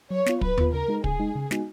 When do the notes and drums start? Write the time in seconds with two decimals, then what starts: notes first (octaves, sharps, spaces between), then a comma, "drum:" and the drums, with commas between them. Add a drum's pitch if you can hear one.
0.11 F#3 C#5
0.26 B3 F4, drum: snare
0.41 F#3 B4, drum: kick
0.58 B3 F4, drum: tom D#2
0.73 C#3 A#4
0.88 G#3 D#4
1.04 C#3 G#4, drum: kick
1.20 G#3 D#4
1.35 C#3
1.51 G#3 B3 D#4 F#4, drum: snare